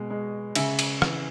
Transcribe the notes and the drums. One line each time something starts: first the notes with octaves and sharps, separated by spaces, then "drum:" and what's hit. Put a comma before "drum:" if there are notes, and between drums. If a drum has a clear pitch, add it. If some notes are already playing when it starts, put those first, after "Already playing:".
Already playing: B2 G#3
G#3
C#3 E5 G#5, drum: cymbal
drum: cymbal
E3, drum: rim click